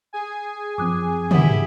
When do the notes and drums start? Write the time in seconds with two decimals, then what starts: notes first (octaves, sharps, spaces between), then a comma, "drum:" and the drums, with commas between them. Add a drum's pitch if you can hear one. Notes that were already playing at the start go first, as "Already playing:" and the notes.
0.13 G#4 G#5
0.78 F#2 F3 C4 D6 D#6 F#6
1.31 B2 E4 G4 F#5 D#6, drum: tom